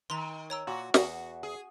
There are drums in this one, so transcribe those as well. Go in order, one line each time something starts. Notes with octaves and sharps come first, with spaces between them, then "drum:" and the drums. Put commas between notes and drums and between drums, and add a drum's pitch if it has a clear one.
D#3 A#5 C6
C#5 A#5 E6
A#2 F#4
E2 F#4 D#6, drum: snare
G#4